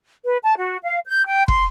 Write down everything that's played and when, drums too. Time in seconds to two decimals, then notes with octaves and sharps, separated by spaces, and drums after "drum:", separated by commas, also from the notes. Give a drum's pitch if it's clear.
0.24 B4
0.42 A5
0.56 F#4
0.82 F5
1.06 G6
1.26 G5
1.48 C6, drum: kick